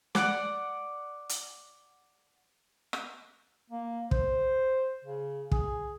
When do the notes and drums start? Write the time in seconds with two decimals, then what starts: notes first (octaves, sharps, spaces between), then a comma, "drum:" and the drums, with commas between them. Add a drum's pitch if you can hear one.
0.15 D5 F#5 D6, drum: snare
1.29 drum: hi-hat
2.93 drum: rim click
3.71 A#3
4.11 C5, drum: kick
5.05 C#3
5.51 G#4, drum: kick